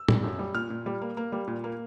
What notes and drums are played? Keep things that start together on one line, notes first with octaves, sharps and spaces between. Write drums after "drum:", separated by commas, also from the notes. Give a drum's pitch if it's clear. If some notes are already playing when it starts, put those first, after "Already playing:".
Already playing: E6
G3, drum: tom
F#2
G3
A#2 F6
A#2
G3
A#3
A#3
G3
A#2
A#3